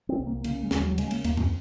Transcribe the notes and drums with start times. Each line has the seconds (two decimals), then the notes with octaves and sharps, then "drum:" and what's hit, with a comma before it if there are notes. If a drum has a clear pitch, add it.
0.09 C4
0.19 C2
0.27 A#3
0.44 C#3 A#3, drum: cymbal
0.63 G#3
0.71 D#2, drum: snare
0.80 F#3
0.91 F#3
0.98 C#3 G#3, drum: cymbal
1.11 A#3, drum: cymbal
1.24 D#2 A#3, drum: cymbal
1.37 C4, drum: tom F2